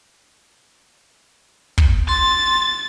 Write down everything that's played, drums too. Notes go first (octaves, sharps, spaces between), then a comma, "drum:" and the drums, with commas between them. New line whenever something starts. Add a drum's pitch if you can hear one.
drum: kick
C6 A6